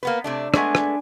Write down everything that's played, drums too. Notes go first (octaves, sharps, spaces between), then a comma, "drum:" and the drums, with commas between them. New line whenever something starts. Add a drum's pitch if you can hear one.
A#3 B3 B4
C3 A3 D4
G#3 A3 B3 D4 G#5, drum: rim click
drum: rim click